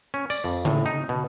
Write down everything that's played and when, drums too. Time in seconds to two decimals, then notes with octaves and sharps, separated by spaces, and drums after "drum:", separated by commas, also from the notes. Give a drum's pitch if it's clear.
0.14 C#4
0.30 D5, drum: tambourine
0.44 F2
0.65 A2, drum: tom C#3
0.86 D#4
1.09 B2